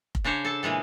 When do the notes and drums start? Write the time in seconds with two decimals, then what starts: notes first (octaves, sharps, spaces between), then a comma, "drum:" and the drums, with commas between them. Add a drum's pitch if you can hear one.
0.15 drum: kick F1
0.24 C#3 D4 C5 C#5
0.45 A4 A5
0.63 A#2 E3 G#3 A4